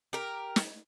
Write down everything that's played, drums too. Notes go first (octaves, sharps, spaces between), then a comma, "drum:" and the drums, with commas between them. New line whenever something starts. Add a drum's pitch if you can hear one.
G4 A#4
drum: snare